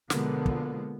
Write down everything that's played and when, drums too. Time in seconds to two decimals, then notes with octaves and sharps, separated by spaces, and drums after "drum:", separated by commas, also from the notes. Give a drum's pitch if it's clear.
0.10 B2 D3 F3 G#3 A#3 B3, drum: snare
0.46 drum: kick